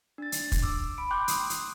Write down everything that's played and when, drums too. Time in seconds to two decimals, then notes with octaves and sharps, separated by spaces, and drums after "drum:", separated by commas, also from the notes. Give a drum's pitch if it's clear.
0.18 D4 A6
0.32 drum: hi-hat
0.52 drum: kick, hi-hat
0.62 D6 E6
0.98 B5 D7
1.11 G5 C6 D6 F#6 G6
1.28 D#6, drum: hi-hat
1.50 drum: hi-hat